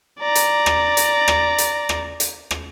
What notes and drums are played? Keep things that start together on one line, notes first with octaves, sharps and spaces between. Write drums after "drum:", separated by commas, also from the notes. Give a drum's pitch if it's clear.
D5 A#5
drum: hi-hat
drum: rim click
drum: hi-hat
drum: rim click
drum: hi-hat
drum: rim click
drum: hi-hat
drum: rim click